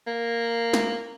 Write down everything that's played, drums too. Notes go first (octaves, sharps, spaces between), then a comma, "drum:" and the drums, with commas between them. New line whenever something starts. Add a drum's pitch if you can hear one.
A#3
drum: snare